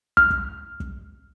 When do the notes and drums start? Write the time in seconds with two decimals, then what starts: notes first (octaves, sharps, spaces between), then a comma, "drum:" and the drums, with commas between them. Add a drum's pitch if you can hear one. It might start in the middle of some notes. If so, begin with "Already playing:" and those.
0.17 F6, drum: kick
0.30 drum: kick
0.80 drum: kick